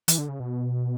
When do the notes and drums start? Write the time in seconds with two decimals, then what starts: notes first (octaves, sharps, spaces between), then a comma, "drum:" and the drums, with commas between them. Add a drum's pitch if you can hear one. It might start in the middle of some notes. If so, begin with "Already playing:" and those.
0.08 E3, drum: hi-hat
0.18 D3
0.29 C#3
0.40 B2